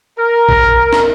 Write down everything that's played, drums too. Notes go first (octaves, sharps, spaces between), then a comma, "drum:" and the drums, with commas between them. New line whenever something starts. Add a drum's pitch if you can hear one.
A#4
drum: kick A#1
drum: snare